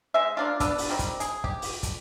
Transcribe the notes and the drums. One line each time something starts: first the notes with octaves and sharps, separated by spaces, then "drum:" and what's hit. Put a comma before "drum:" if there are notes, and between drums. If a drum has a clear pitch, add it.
G#3 E5
A#3 D4 F4
B3 D4 A4, drum: kick, hi-hat
drum: open hi-hat
D#3 G3 C4
drum: kick, hi-hat
G#4, drum: hi-hat
G4, drum: kick
drum: open hi-hat
drum: kick, hi-hat